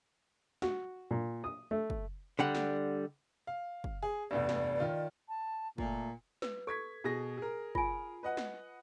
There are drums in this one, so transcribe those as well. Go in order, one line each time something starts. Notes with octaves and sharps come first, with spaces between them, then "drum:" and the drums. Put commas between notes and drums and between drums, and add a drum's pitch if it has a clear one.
F#4, drum: snare
A#2
D#6
A3
drum: kick
D3 G3 F#5
drum: snare
F5
drum: kick
G#4
F1 E2 G2 D5
drum: snare
D#3 F4
A5
A#2 A3, drum: kick
B4, drum: snare
A4 C#6 G#6 B6
B2 G#4 A#6
G#4 A#4
F4 G#5, drum: kick
B4 D#5 F#5
drum: snare